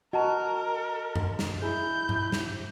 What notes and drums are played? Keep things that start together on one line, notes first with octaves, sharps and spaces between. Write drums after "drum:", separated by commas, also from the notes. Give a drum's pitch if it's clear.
F#4 A#4 D#5 A5 A#5
drum: tom F#2
drum: snare
E4 G#4 G6
drum: tom G#2
drum: snare